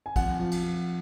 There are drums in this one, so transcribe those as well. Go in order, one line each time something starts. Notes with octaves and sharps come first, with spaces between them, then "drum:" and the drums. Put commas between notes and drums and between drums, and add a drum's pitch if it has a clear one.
G#5
F2 F#5, drum: kick, cymbal
F3
drum: cymbal
F2